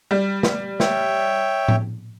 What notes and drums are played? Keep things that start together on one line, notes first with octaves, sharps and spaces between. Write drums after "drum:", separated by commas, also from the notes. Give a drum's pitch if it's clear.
G3
drum: snare
C#5 E5 G5, drum: snare
drum: tom A2